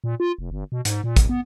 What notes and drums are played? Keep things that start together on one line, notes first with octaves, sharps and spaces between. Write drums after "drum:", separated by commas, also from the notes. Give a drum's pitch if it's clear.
A#2
F4
F1
G1
B2
G#2, drum: hi-hat
A#2
D1, drum: kick, hi-hat
B3